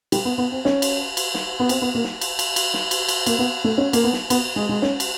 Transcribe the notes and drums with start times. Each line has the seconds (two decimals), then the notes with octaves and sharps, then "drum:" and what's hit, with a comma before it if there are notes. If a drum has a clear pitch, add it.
0.12 G3, drum: cymbal
0.25 B3
0.38 B3
0.52 C4
0.65 C#4, drum: snare
0.82 drum: cymbal
1.17 drum: cymbal
1.34 drum: snare
1.60 B3
1.69 C4, drum: cymbal
1.82 B3
1.95 A#3
2.04 drum: snare
2.21 drum: cymbal
2.39 drum: cymbal
2.56 drum: cymbal
2.74 drum: snare
2.91 drum: cymbal
3.08 drum: cymbal
3.26 A#3, drum: cymbal
3.39 B3
3.64 A3
3.78 C#4
3.93 A#3, drum: cymbal
4.04 B3
4.13 drum: snare
4.30 B3, drum: cymbal
4.56 G#3
4.69 G#3
4.82 C#4, drum: snare
5.00 drum: cymbal